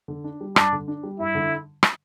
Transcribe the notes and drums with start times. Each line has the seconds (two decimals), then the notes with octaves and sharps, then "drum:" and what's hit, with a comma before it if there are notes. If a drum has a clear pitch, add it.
0.08 D3
0.24 D4
0.41 G3
0.56 G2 D4, drum: rim click
0.73 D3
0.88 D4
1.03 G3
1.19 G2 E4
1.35 D3
1.83 drum: rim click